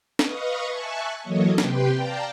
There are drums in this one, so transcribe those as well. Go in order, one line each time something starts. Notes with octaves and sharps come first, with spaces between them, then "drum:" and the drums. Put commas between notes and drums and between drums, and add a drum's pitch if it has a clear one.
B4 D#5 F5 C#6 D#6, drum: snare
E5 G#5 A5 C#6 F#6
E3 F#3 A#3 A4 C#5 D#5
C3 G4 B4 G5 C6, drum: snare
D5 F5 G5 A5 A#5